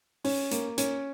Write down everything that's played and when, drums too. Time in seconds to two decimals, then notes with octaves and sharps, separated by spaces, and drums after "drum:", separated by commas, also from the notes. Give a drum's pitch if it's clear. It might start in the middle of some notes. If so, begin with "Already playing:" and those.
0.24 C#4, drum: open hi-hat
0.51 A#3, drum: hi-hat
0.78 C#4, drum: hi-hat